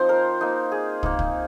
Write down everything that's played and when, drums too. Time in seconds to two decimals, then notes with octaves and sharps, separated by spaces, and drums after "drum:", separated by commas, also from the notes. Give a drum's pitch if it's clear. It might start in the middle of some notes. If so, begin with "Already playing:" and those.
Already playing: F3 C4 D#4 C5
0.09 A#4
0.41 A#3 D#4
0.72 G#4
1.03 A#3 D#4, drum: kick
1.19 drum: kick